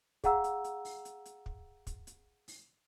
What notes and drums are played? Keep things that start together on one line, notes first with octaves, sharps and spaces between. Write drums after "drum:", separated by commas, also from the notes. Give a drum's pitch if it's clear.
G#4 F5 F#5 A#5 E6, drum: kick, hi-hat
drum: hi-hat
drum: hi-hat
drum: open hi-hat
drum: hi-hat
drum: hi-hat
drum: kick
drum: kick, hi-hat
drum: hi-hat
drum: open hi-hat